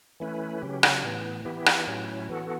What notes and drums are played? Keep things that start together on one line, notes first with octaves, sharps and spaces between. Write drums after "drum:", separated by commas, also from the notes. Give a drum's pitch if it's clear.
E3 A3 C#4 E4 B4
C#3 F#3 C#4 G4
drum: rim click
A2 E3 B3
E3 B3 E4 G4
drum: rim click
A2 F#3 C#4 E4
E3 B3 F#4 A4